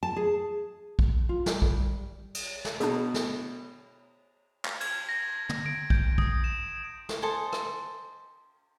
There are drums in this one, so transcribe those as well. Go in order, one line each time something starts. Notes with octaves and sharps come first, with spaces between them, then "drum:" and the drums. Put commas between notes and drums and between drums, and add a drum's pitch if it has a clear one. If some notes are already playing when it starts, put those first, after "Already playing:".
A5
G#4
drum: kick A#1
F4
G3, drum: snare
drum: kick A#1
drum: cymbal
drum: snare
B2 D4 G#4, drum: hi-hat
drum: snare
drum: clap
G#6, drum: cymbal
A#6
drum: tom
D7
G6, drum: kick A#1
D#6, drum: kick A#1
E7
drum: snare
A4 C5 D#5 G#5
drum: rim click